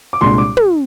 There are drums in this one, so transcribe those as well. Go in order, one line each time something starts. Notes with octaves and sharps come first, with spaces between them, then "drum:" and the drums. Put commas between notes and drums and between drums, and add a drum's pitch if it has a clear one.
D6
C2 A#2 G#3 D4 C6
D6
drum: tom